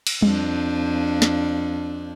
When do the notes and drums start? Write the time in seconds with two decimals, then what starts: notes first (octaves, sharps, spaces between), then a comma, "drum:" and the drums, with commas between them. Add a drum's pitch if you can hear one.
0.07 drum: cymbal
0.22 F2 D4, drum: tom G3
1.22 drum: snare